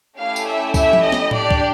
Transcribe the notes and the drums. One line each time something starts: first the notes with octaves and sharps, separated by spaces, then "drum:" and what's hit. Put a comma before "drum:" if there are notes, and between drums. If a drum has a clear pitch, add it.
A3 C#4 E4 G4 F5
drum: tambourine
E5
E5, drum: kick, tambourine
drum: tom F3
D#5
drum: snare
D4 G4 D5, drum: tom A2
drum: kick